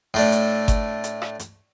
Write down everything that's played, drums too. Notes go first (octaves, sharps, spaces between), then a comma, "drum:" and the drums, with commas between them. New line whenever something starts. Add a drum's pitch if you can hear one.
A2 A3 D4
drum: hi-hat
drum: kick G1, hi-hat
drum: hi-hat
drum: rim click
drum: hi-hat